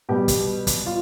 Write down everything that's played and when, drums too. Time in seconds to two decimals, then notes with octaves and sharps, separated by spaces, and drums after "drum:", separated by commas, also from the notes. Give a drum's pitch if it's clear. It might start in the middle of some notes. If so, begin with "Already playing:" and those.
0.09 B2 G3 G4
0.28 drum: kick, hi-hat
0.67 drum: kick, hi-hat
0.86 F4